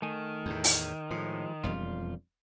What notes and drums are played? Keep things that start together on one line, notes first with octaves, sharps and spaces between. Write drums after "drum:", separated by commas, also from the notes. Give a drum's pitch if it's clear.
D#3 A3 G#5
E2 A2
drum: open hi-hat
A2 F3 G#3
E1 F2 G3 F4